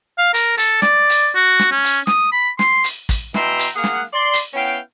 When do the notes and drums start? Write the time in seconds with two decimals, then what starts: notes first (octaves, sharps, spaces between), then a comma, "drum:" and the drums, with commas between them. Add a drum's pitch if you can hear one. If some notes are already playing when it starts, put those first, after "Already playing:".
0.18 F5
0.34 A#4, drum: hi-hat
0.58 A4, drum: hi-hat
0.82 D5, drum: snare
1.10 drum: hi-hat
1.35 F#4
1.59 drum: snare
1.71 C#4
1.84 drum: hi-hat
2.07 D#6, drum: snare
2.32 B5
2.59 C6, drum: snare
2.84 drum: hi-hat
3.09 drum: kick, hi-hat
3.34 B2 E3 E5 G5 A#5 C6, drum: snare
3.59 drum: hi-hat
3.75 A#3 G#4 F5 F#5
3.84 drum: snare
4.13 D5 C6
4.33 drum: hi-hat
4.54 B3 C#4 E4 F5 G5